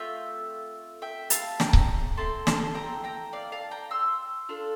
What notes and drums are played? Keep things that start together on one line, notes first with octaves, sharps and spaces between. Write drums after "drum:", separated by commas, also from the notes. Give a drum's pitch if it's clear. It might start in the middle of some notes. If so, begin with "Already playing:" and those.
Already playing: A3 C4 F4 E5 G5
E5 G5
F5 A5, drum: hi-hat
G5 A#5, drum: snare
drum: kick C#1
C4 E4 A4 A5 C6
A5 C6, drum: snare
G5 A#5
G5 A#5
D5 F5
F5 A5
G5 A#5
C6 E6
D4 F4 A4